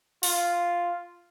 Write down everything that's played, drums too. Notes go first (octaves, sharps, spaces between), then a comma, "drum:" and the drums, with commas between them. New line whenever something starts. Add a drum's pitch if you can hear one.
F4, drum: open hi-hat